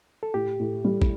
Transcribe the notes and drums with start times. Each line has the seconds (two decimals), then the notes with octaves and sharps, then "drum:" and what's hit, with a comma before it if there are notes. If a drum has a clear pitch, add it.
0.23 A4
0.34 A2 G4
0.60 A2
0.85 G3
1.02 drum: kick